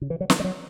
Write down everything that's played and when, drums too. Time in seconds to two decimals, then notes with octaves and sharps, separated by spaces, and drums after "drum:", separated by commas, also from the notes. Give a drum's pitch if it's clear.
0.01 C#3
0.10 E3
0.21 F#3
0.30 E3, drum: snare
0.40 G3
0.44 F#3